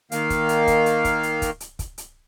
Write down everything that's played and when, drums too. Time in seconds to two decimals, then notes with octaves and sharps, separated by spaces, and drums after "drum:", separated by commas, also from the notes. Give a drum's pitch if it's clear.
0.12 D#3 A#3 F5, drum: hi-hat
0.30 drum: kick, hi-hat
0.49 drum: hi-hat
0.67 drum: kick, hi-hat
0.86 drum: hi-hat
1.05 drum: kick, hi-hat
1.23 drum: hi-hat
1.42 drum: kick, hi-hat
1.60 drum: hi-hat
1.79 drum: kick, hi-hat
1.98 drum: hi-hat